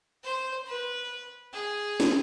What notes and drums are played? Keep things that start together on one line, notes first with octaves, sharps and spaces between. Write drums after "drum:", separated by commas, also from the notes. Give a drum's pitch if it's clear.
C5
B4
G#4
drum: snare